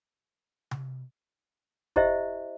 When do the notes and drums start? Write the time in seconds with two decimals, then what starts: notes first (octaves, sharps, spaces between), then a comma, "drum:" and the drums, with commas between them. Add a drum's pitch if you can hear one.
0.71 drum: tom C3
1.96 E4 G4 C5 D#5 E5, drum: kick